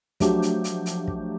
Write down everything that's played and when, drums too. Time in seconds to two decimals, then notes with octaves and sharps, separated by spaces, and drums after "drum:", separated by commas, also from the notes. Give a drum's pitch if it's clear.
0.20 F3 F#3 A3 D4 G4, drum: kick, hi-hat
0.42 drum: hi-hat
0.64 drum: hi-hat
0.86 drum: hi-hat
1.07 drum: kick